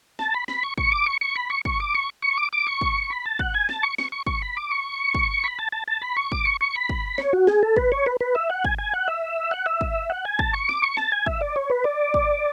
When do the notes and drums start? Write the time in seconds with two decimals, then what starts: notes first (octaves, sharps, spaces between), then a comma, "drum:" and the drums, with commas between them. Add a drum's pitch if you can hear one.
0.19 A5, drum: snare
0.34 B5
0.48 B5, drum: snare
0.63 C#6
0.78 C#6, drum: kick
0.92 D6
1.06 C#6
1.21 C#6
1.36 B5
1.50 C#6
1.65 C#6, drum: kick
1.80 D6
1.94 C#6
2.22 C#6
2.37 D6
2.53 D6
2.67 C#6
2.81 drum: kick
3.10 B5
3.25 A5
3.39 F#5, drum: kick
3.54 G#5
3.69 A5, drum: snare
3.83 C#6
3.98 C#6, drum: snare
4.12 C#6
4.26 C#6, drum: kick
4.42 B5
4.57 D6
4.71 C#6
5.15 drum: kick
5.44 B5
5.59 A5
5.72 A5
5.88 A5
6.02 B5
6.16 C#6
6.32 D6, drum: kick
6.45 C#6
6.61 C#6
6.75 B5
6.89 drum: kick
7.18 C#5, drum: snare
7.33 F#4
7.47 G#4, drum: snare
7.63 A4
7.76 B4, drum: kick
7.92 C#5
8.06 B4
8.21 B4
8.35 E5
8.50 F#5
8.64 G#5, drum: kick
8.78 G#5
8.94 F#5
9.08 E5
9.51 F#5
9.66 E5
9.81 drum: kick
10.10 F#5
10.25 G#5
10.39 A5, drum: kick
10.53 C#6
10.69 D6, drum: snare
10.82 C#6
10.97 A5, drum: snare
11.12 G#5
11.26 E5, drum: kick
11.41 D5
11.56 C#5
11.70 B4
11.84 D5
12.14 drum: kick